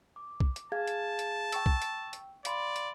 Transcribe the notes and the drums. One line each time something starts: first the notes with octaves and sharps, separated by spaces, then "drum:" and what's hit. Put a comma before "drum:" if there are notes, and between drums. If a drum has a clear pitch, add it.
D6
drum: kick B1
drum: hi-hat
G#4 F5 A5 G#6
drum: hi-hat
drum: hi-hat
G5 C#6 E6, drum: hi-hat
drum: kick B1
drum: hi-hat
drum: hi-hat
D5 F5 B5 C6, drum: hi-hat
drum: hi-hat